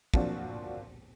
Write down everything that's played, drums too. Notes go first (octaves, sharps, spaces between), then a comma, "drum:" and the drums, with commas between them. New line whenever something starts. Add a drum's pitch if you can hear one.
A#2 F3 F#3 C4 D4 F#4, drum: kick